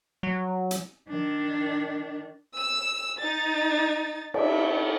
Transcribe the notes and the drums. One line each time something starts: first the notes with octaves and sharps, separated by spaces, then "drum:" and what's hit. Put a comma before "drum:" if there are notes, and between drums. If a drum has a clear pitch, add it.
F#3
drum: hi-hat
D#3 D4
E6 E7
D#4 A6
E5, drum: cymbal